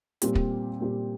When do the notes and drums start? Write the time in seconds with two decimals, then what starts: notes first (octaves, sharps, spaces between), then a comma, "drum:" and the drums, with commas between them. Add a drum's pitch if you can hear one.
0.22 A#2 G3 C4 G4, drum: hi-hat
0.35 drum: kick
0.81 A#2 G3 C4 G4